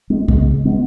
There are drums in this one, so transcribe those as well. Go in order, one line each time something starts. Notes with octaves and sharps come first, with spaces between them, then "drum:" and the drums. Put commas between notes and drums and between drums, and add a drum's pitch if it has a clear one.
G#3 B3
C#3 G#3 B3, drum: kick C2
G#3 B3